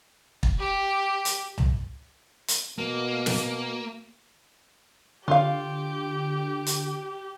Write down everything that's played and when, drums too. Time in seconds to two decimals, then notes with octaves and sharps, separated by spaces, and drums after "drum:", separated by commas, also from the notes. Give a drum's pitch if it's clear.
0.43 drum: kick
0.59 G4
1.25 drum: hi-hat
1.58 drum: tom C2
2.48 drum: hi-hat
2.78 B2 A#3
3.26 drum: snare
5.28 D3 F4 G4 F5
6.66 drum: hi-hat